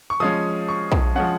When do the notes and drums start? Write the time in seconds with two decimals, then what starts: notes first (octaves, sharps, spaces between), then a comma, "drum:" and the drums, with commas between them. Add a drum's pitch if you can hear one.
0.10 C#6
0.20 F3 G#3 C#4 D#6
0.69 C#6
0.92 drum: kick
1.15 F3 G#3 C#4 F#5